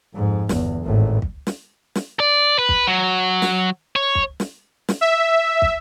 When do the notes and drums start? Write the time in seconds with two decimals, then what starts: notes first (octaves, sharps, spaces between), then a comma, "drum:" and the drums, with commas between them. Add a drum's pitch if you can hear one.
0.15 F2 G#2
0.49 G1 E2, drum: snare
0.83 G#1 A2
1.22 drum: kick
1.47 drum: snare
1.95 drum: snare
2.20 D5
2.59 B4
2.69 drum: kick
2.87 F#3
3.42 drum: snare
3.96 C#5
4.15 drum: kick
4.40 drum: snare
4.89 drum: snare
5.01 E5
5.62 drum: kick